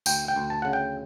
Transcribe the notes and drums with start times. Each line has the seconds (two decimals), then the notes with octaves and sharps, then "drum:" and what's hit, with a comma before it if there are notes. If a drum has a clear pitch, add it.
0.06 D2 G5, drum: tambourine
0.28 G5
0.36 D2
0.50 A5
0.62 C#3 F#5
0.73 G5